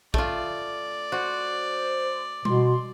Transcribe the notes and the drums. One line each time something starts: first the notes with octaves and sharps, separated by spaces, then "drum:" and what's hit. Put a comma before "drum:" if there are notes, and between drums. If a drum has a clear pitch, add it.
A3 F4 D5, drum: kick
F#4 C5
B2 C6, drum: tom G3